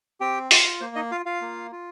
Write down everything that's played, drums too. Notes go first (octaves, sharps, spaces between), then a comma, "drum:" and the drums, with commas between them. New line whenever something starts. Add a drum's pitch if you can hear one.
C4 G4 G5
F4, drum: open hi-hat
A#3 C5
D#4 D#5
F4 F5
F4 F5
A#3
F4